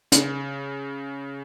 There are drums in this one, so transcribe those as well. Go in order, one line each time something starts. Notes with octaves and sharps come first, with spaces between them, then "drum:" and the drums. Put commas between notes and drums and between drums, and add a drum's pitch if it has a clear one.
C#3, drum: hi-hat